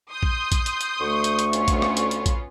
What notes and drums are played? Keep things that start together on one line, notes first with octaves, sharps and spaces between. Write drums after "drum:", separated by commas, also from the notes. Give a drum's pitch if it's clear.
C6 D#6 G6
drum: kick A#1
drum: kick A#1, hi-hat
drum: hi-hat
drum: hi-hat
D2 A3 C#6
drum: hi-hat
drum: hi-hat
B3 C#4 F4, drum: hi-hat
drum: kick A#1, hi-hat
drum: rim click
drum: hi-hat
drum: hi-hat
drum: kick A#1, hi-hat